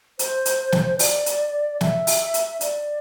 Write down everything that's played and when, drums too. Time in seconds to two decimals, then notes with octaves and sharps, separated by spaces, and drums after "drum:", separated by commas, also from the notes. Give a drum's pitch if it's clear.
0.19 C5, drum: hi-hat
0.45 drum: hi-hat
0.72 drum: snare
0.99 D5, drum: open hi-hat
1.26 drum: hi-hat
1.81 E5, drum: snare
2.07 drum: open hi-hat
2.34 drum: hi-hat
2.61 D5, drum: hi-hat